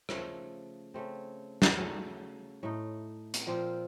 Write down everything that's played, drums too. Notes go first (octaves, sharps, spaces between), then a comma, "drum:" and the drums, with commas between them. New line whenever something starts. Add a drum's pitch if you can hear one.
C#3 F3 A3, drum: rim click
C#3 A3 C4
drum: snare
C#3 F#3 A3
A2 A3 D#4
drum: hi-hat
A#2 F3 C4 F4